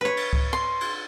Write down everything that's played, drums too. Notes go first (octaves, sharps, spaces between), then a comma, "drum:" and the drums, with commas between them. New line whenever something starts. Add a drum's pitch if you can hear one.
B4 C#5
drum: cymbal
drum: kick C#2
C6
drum: cymbal